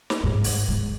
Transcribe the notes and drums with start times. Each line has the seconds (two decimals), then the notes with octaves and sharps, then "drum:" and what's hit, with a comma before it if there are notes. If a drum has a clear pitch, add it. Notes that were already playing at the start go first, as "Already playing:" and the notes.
0.10 drum: snare
0.24 G#2
0.44 drum: open hi-hat
0.68 G#3